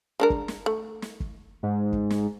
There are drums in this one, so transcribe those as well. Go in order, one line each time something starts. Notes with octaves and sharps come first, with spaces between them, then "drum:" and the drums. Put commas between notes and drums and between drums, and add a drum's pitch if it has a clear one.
G#3 D4 A#4
drum: kick
drum: snare
A3
drum: snare
drum: kick
G#2
drum: kick
drum: snare